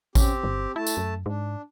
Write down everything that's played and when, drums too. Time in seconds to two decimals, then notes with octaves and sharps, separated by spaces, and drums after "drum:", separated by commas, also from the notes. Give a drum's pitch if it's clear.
0.15 C4 C#4 G4, drum: kick A1, tambourine
0.44 G1
0.76 A3 E4 A5
0.87 drum: tambourine
0.97 F#2
1.26 G#2 D4